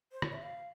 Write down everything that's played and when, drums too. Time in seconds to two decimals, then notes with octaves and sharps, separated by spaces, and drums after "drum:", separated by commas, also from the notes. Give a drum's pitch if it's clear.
0.12 C5
0.22 C#5, drum: rim click
0.33 E5
0.42 F5